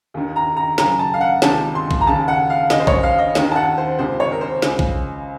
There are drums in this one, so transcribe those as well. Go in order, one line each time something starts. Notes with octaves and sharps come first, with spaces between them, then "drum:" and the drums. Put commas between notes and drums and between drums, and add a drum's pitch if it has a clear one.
D#2 D#3
A#5
A#5
F#2 C#3 A#5, drum: snare
A5
F5
F#5
C#2 C3 D#3 A5, drum: snare
C6
drum: kick A#1
A#5
D#2 C#3 A5
F#5
F5
D#2 C#3 D#5, drum: snare
C5
C#5, drum: kick A#1
F5
D#5
D#2 D#3, drum: snare
A5
F#5
C5
C#2 C3 D#3 C5
C#5
A#4
C5
C#2 C#3, drum: snare
drum: kick A#1